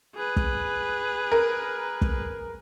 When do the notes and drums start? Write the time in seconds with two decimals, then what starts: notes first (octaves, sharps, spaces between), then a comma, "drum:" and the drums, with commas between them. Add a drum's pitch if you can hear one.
0.16 G#4 B4
0.36 drum: kick
1.32 A#4
2.01 drum: kick